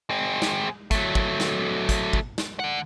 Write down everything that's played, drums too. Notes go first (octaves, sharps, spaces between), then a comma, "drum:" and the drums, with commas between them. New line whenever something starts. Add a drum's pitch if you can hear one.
G#3 C4
drum: snare
F#3 A3, drum: kick, hi-hat
drum: kick
drum: snare
drum: kick, hi-hat
drum: kick
drum: snare
D3 F#5